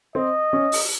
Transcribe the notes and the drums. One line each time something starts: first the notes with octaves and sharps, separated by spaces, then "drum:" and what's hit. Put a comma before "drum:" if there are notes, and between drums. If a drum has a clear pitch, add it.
C4 D#5
C#4
drum: open hi-hat